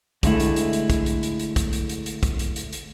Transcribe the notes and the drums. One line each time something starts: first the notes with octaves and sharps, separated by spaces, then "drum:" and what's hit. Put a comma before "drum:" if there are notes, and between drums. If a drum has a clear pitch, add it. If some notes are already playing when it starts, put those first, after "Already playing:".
D3 G#3 A3 E4, drum: kick, hi-hat
drum: hi-hat
drum: hi-hat
drum: hi-hat
drum: kick, hi-hat
drum: hi-hat
drum: hi-hat
drum: hi-hat
drum: kick, hi-hat
drum: hi-hat
drum: hi-hat
drum: hi-hat
drum: kick, hi-hat
drum: hi-hat
drum: hi-hat
drum: hi-hat